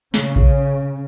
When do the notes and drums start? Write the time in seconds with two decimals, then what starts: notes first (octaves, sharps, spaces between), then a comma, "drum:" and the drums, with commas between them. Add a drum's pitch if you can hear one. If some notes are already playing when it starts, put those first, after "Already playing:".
0.14 C#3, drum: snare
0.36 drum: kick A#1